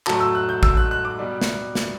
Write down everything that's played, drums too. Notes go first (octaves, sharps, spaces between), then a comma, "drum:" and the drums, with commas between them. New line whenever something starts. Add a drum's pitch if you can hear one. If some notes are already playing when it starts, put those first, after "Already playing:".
A2 F#3 A3 A5, drum: clap
E6
F#6
G6
E6, drum: kick A1
F#6
F#6
D6
B2 G3
drum: snare
drum: snare